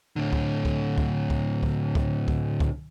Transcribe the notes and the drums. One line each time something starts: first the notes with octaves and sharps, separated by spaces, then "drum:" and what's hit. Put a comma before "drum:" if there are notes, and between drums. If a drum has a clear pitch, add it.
A2 D3
drum: kick C#2
drum: kick C#2
drum: kick C#2
drum: kick C#2
drum: kick C#2
drum: kick C#2
drum: kick C#2
drum: kick C#2